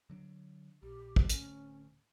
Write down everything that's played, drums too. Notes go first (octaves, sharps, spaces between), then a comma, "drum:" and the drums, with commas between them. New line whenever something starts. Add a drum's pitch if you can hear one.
D3 F#3 D4
A#1 G4
drum: kick
D1 D2 C#4, drum: hi-hat